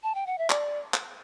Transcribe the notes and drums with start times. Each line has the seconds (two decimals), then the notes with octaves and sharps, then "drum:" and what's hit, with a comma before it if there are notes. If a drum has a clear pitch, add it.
0.03 A5
0.15 G5
0.27 F#5
0.38 E5
0.50 D5, drum: clap
0.94 drum: clap